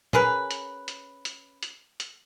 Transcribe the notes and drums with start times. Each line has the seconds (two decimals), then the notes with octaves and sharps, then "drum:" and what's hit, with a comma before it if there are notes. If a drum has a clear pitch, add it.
0.13 C#4 G#4 A#4 B4, drum: tom
0.51 drum: hi-hat
0.88 drum: hi-hat
1.25 drum: hi-hat
1.63 drum: hi-hat
2.00 drum: hi-hat